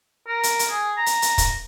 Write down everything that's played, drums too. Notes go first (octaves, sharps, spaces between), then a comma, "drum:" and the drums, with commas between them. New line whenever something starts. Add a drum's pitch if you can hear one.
A#4
drum: hi-hat
drum: hi-hat
G#4
A#5
drum: hi-hat
drum: hi-hat
drum: kick, hi-hat